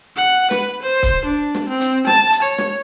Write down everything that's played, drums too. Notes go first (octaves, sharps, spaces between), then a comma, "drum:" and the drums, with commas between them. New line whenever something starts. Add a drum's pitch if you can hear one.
F#5
B4, drum: snare
C5
drum: kick, hi-hat
D4
drum: snare
C4
drum: hi-hat
A5, drum: snare
drum: hi-hat
C#5
drum: snare